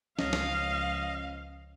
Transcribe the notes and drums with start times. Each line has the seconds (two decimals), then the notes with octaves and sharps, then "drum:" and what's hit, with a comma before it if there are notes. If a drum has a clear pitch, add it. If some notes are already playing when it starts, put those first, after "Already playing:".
0.19 C#2 F3 C#4 D#5 F5, drum: snare
0.33 drum: snare